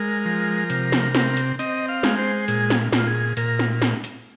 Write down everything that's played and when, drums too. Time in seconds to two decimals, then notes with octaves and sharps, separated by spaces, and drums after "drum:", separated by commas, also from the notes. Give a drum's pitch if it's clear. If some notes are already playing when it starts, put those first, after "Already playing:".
Already playing: G#3 A#4
0.25 F3
0.70 C3, drum: hi-hat
0.92 drum: snare
1.15 C4, drum: snare
1.37 drum: hi-hat
1.59 C4 D#5, drum: hi-hat
1.89 F5
2.03 G#3, drum: snare
2.19 C5
2.48 A#2 G#4, drum: hi-hat
2.70 drum: snare
2.93 A#2, drum: snare
2.98 F4
3.07 G#4
3.37 A#2 A#4, drum: hi-hat
3.59 drum: snare
3.82 drum: snare
4.04 drum: hi-hat